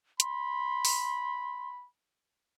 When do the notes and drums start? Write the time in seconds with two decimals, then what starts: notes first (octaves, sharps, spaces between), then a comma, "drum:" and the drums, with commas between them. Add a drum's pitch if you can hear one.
0.20 B5 C6, drum: hi-hat
0.85 drum: open hi-hat